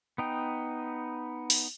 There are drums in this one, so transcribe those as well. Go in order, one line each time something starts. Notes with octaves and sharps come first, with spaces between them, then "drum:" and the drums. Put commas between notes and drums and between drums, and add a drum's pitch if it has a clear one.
B3 D#4 G5
drum: open hi-hat